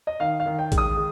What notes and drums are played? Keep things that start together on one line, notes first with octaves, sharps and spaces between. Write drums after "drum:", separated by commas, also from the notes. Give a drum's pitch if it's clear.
D#5
D#3 F5
F5
D#3
G5
G#3, drum: kick, hi-hat
D#6
G#3